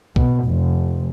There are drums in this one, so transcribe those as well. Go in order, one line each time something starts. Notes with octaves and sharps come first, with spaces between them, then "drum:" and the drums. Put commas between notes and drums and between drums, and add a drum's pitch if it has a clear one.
B2, drum: kick B1
F1